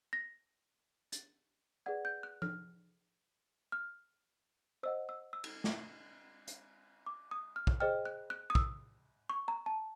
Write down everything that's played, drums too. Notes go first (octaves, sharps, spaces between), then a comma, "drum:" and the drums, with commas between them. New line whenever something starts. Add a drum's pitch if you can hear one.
A#6
A6, drum: hi-hat
G#4 B4 D5 F#5 G#6
G6
F#6
F6, drum: tom F3
F6
C5 D#5 F#5 E6
E6
E6
drum: cymbal
drum: snare
drum: hi-hat
D6
D#6
F6
drum: kick
G#4 C5 D#5 G5 F6
F#6
F#6
D#6
E6, drum: kick
C#6
A#5
A5